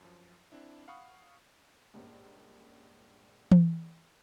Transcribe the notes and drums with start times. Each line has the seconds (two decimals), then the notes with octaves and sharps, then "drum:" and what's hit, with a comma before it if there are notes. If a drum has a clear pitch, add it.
0.01 F#2 F3
0.52 C4 D4 E4
0.88 F5 F#5 B5 C#6 D#6
1.94 C#2 G2 A#2 A#3 C#4 C5
3.52 drum: tom E3